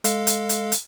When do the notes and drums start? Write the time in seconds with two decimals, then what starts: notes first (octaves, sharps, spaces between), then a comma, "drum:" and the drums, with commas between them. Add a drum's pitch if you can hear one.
0.04 G#3 A4 F5, drum: hi-hat
0.27 drum: hi-hat
0.49 drum: hi-hat
0.72 drum: hi-hat